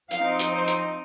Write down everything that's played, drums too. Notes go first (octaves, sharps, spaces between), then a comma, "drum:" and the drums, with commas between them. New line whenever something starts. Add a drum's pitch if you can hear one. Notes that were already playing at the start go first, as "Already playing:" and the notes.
F3 C4 D#4 F5, drum: hi-hat
drum: hi-hat
C5
drum: hi-hat